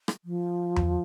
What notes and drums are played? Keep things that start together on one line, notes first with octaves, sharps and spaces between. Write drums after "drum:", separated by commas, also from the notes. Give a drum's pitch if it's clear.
drum: rim click
F3
drum: tom E2